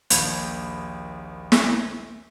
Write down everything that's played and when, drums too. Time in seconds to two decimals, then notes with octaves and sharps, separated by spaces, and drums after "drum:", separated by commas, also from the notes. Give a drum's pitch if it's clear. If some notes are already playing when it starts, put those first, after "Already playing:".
0.10 A#1 D#2 B5 G6 G#6, drum: hi-hat
1.52 drum: snare